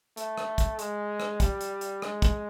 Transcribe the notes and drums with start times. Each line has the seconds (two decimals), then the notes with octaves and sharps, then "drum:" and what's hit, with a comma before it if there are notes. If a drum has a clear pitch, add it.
0.17 A3, drum: hi-hat
0.38 drum: rim click
0.58 drum: kick, hi-hat
0.79 G#3, drum: hi-hat
1.20 drum: rim click
1.40 G3, drum: kick, hi-hat
1.61 drum: hi-hat
1.81 drum: hi-hat
2.02 G#3, drum: rim click
2.22 drum: kick, hi-hat